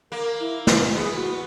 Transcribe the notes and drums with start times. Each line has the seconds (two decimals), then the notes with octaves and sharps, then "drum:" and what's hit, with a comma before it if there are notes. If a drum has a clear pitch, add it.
0.11 A#3 A#4
0.40 E4
0.67 E4, drum: snare
0.95 B3 G#4
1.16 F#4